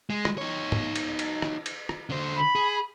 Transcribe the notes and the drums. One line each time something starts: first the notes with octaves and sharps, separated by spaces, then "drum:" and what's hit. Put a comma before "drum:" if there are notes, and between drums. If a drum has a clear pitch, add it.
G#3
drum: rim click
D#4 C#5
drum: tom
drum: cymbal
drum: cymbal
drum: rim click
drum: cymbal
drum: rim click
D3 C5
B5
G#4